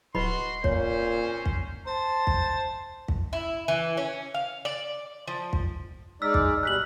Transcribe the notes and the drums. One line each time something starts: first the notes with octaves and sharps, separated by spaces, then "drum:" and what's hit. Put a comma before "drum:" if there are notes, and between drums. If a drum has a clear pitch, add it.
D1 F#4 B4 D#5 B5 C6
A#2 C4 C#4 C5 C#5, drum: kick
drum: kick
C5 A5
drum: kick
drum: kick
E4
E3
C#4
F5
D5
F3
drum: kick
G#3 D#4 D5 E6 F6 B6
drum: kick
B2 G3 F#6 B6 F#7